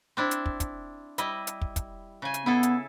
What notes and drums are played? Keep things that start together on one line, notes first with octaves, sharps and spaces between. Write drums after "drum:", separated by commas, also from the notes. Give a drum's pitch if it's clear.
C4 D4 E4
drum: hi-hat
drum: kick
drum: kick, hi-hat
G3 E4 D#5, drum: hi-hat
drum: hi-hat
drum: kick
drum: kick, hi-hat
C#3 G#5
drum: hi-hat
B3 E4 G#4 A4
drum: hi-hat